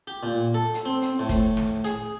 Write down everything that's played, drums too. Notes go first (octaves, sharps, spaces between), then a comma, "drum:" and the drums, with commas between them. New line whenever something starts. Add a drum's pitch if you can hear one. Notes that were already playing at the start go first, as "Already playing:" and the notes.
G4
A#2
A4
drum: hi-hat
C4
drum: hi-hat
A2
drum: kick, hi-hat
drum: snare
G#4, drum: hi-hat